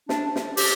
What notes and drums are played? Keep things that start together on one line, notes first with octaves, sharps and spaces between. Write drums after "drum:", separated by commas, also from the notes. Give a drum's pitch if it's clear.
D4, drum: snare
drum: snare
G4, drum: open hi-hat